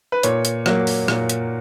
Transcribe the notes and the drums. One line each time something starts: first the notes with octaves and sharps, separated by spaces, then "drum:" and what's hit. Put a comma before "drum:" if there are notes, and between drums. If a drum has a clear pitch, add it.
B4
A#2 C#5, drum: hi-hat
drum: hi-hat
F#3 A#3, drum: rim click
drum: open hi-hat
A#2, drum: rim click
drum: hi-hat